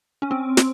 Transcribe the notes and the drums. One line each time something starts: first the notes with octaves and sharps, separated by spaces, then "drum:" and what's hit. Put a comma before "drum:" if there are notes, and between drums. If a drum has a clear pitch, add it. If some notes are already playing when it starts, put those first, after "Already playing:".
C#4
C4
drum: snare